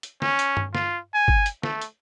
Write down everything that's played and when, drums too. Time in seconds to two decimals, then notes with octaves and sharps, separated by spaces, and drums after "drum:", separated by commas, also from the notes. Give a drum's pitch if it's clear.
0.03 drum: hi-hat
0.22 C#4, drum: snare
0.39 drum: hi-hat
0.57 drum: tom G2
0.75 F4, drum: snare
1.14 G#5
1.28 drum: kick G1
1.46 drum: hi-hat
1.63 A3, drum: snare
1.82 drum: hi-hat